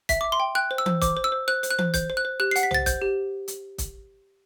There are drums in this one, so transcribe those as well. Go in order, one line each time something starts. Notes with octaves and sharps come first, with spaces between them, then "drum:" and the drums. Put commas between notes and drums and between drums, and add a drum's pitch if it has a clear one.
E5 B6, drum: kick, hi-hat
D6
E5
C6
G5
G5 F#6
C5
E6
C5, drum: tom E3
C5 D6, drum: kick, hi-hat
C5
E6
C5
C5 F#6
C5, drum: hi-hat
F#6
C5, drum: tom E3
C5 G6, drum: kick, hi-hat
C5
F#6
C5
G4 F#6
C7
F#5, drum: hi-hat
B6
C5 A6, drum: tom
C5 G6, drum: kick, hi-hat
G4
drum: hi-hat
drum: kick, hi-hat